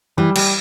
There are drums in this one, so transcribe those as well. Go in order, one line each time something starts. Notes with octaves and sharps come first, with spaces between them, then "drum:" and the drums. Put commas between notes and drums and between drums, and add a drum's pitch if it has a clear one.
E3 G3
G3, drum: cymbal